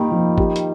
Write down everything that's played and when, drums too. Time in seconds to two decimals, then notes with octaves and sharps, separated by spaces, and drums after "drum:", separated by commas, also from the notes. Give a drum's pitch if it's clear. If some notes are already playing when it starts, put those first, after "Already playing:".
Already playing: D#3 G3 A#3 G4
0.11 F3
0.38 G4, drum: kick G1
0.56 drum: hi-hat